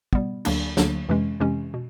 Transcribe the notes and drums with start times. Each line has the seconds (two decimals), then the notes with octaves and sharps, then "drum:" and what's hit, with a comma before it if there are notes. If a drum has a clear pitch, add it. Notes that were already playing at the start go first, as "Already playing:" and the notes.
0.13 B2 G3 B3, drum: kick
0.45 D2 D3 F#3 A#3 D4, drum: cymbal
0.77 D2 D3 F#3 A#3 D4, drum: snare
1.09 F2 C3 E3 G#3 C#4
1.40 F2 C3 E3 G#3 C#4
1.74 B2